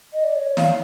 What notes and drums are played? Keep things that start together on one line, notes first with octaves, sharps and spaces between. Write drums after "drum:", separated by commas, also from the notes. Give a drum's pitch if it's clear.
D#5
D5
C#5
F5, drum: snare